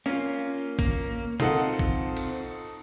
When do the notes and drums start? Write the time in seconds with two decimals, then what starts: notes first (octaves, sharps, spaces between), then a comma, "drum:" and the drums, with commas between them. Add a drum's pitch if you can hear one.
0.06 A#3 C#4 F4
0.79 A#3, drum: kick A1
1.40 C4 D#4 F4 A4 F#5, drum: tom B2
1.79 drum: kick A1
2.17 drum: cymbal